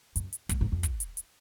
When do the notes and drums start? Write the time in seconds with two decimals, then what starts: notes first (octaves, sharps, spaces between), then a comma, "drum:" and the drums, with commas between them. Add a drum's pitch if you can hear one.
0.16 F#2, drum: hi-hat
0.33 drum: hi-hat
0.49 G#2, drum: kick, hi-hat
0.61 G#2
0.72 F2
0.83 drum: kick, hi-hat
1.00 drum: hi-hat
1.17 drum: hi-hat